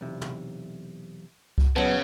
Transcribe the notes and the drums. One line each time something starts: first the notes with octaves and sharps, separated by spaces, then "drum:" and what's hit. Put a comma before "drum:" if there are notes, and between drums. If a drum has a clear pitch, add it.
B1 E2 C3
drum: tom
drum: kick C2
A#2 C#3 F#3 B3 C#5 D#5 A5